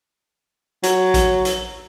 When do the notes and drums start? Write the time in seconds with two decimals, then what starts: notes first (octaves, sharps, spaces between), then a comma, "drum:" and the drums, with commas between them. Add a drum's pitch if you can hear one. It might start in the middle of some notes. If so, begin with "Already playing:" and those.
0.83 F#3, drum: hi-hat
1.14 drum: kick A1, hi-hat
1.45 drum: hi-hat